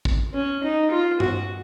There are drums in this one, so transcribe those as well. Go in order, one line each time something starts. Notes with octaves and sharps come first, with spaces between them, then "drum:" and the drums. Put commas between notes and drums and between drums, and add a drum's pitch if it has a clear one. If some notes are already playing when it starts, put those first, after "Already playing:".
drum: kick
C#4
D#4
F4
F#4, drum: tom G2